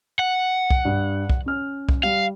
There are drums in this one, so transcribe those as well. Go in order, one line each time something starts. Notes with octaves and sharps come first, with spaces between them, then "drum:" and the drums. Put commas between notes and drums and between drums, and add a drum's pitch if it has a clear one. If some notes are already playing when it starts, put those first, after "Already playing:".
F#5
drum: kick C2
G2
drum: kick C2
C#4 F6
drum: kick C2
G3 F5